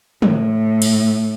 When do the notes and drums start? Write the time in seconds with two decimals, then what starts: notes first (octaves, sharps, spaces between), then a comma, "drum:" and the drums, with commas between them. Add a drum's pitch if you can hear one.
0.22 A2, drum: tom
0.82 drum: cymbal